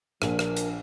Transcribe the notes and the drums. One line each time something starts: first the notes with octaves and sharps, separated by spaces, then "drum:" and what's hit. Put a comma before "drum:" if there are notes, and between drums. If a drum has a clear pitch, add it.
A#1 F3 D4 A#4, drum: rim click
drum: rim click
drum: hi-hat